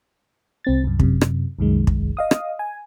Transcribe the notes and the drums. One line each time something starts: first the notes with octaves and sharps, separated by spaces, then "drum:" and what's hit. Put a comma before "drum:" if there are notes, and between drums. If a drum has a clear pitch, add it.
C2 C4 A6
C2 F#2
F#2 C3, drum: kick
drum: rim click
C2 F#2 D#3 G#3
drum: kick
D#5 F5 D#6
drum: rim click
G#5